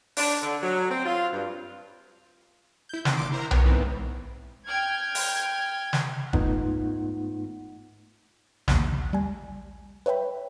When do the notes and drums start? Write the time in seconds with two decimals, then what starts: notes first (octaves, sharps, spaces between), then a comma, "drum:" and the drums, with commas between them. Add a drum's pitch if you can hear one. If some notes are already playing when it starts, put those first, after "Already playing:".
0.17 D4, drum: open hi-hat
0.42 D3
0.63 F#3
0.90 C4
1.06 F4
1.32 G2
2.89 E4 G6
3.05 D#3 C4, drum: snare
3.17 G1 A#2 C6 D6 D7
3.32 E4 A#4 C5 A#5
3.51 B3 A#4 C#5, drum: tom B1
3.64 G#2 E3 B3 C4
4.66 G5 F6 G#6
5.15 drum: open hi-hat
5.93 drum: snare
6.33 G#2 A3 B3 D#4 F4 F#5, drum: kick
8.68 A#1 D#2, drum: snare
9.13 G3 G#5
10.06 B4 C#5 E5 G5 B5